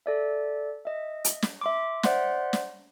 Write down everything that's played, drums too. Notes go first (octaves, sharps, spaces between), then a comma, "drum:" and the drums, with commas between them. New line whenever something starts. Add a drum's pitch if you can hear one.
A4 D5 E5
D#5 E5
drum: hi-hat
drum: snare
E5 C6 D6
C5 D5 E5 F#5 C6 F#6, drum: snare
drum: snare